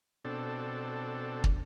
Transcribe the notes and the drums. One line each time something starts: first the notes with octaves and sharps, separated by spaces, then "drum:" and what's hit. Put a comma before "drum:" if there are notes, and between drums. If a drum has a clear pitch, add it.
B2 C4 D4 A4
drum: kick